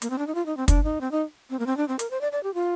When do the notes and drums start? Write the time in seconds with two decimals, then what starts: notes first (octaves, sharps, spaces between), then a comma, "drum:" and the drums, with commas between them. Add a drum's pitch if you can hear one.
0.02 A#3, drum: hi-hat
0.10 C4
0.18 D4
0.27 D#4
0.35 F4
0.46 D#4
0.57 C4
0.68 D4, drum: kick, hi-hat
0.84 D#4
1.01 C4
1.11 D#4
1.50 C4
1.59 A#3
1.66 C4
1.77 D4
1.88 C4
1.99 A#4, drum: hi-hat
2.11 C5
2.21 D5
2.32 D5
2.43 G4
2.54 F4